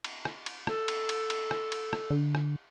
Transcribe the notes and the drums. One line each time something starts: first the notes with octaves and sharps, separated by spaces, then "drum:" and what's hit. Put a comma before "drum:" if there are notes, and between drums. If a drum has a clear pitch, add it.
drum: cymbal
drum: rim click
drum: cymbal
A4, drum: rim click
drum: cymbal
drum: cymbal
drum: cymbal
drum: rim click
drum: cymbal
drum: rim click
D3
drum: rim click